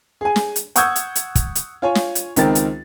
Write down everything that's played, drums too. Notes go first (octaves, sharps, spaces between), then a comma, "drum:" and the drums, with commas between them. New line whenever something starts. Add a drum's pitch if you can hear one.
G#4 G#5
drum: snare
drum: hi-hat
F#5 C#6 D#6 E6 G6 G#6, drum: hi-hat
drum: hi-hat
drum: hi-hat
drum: kick, hi-hat
drum: hi-hat
F4 C#5 G#5
drum: snare
drum: hi-hat
C#2 D#3 C4 A#4 G5 A6, drum: hi-hat
drum: hi-hat